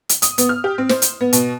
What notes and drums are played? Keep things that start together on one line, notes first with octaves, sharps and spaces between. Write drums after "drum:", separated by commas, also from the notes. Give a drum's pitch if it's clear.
drum: hi-hat
D#6, drum: hi-hat
B3, drum: hi-hat
F6
G4
C4
C5, drum: snare
drum: hi-hat
B3
B2, drum: hi-hat